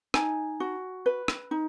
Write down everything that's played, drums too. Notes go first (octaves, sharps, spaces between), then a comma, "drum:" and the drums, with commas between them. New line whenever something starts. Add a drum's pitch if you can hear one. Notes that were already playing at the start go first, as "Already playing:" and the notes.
D#4 G#5, drum: rim click
F#4
B4
drum: rim click
D#4